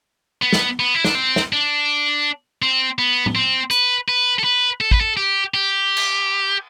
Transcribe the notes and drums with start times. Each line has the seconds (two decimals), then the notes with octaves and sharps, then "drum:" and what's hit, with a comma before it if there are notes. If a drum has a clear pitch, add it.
0.42 B3
0.53 drum: snare
0.80 B3
0.95 E4
1.05 D4, drum: snare
1.15 C4
1.36 drum: snare
1.53 D4
2.62 C4
2.99 B3
3.26 drum: tom A2
3.35 C4
3.71 B4, drum: hi-hat
4.08 B4
4.39 A4
4.44 B4
4.81 A4
4.91 B4, drum: kick
5.01 A4
5.17 G4
5.54 G4
5.97 drum: cymbal